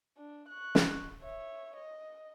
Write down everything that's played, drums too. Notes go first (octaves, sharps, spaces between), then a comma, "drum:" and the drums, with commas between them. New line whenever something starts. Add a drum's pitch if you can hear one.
D4
C#6 F#6
drum: snare
C#5 E5
D#5